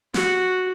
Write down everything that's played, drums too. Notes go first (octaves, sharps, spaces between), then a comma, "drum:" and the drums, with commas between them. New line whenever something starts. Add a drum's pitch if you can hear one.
F#4, drum: snare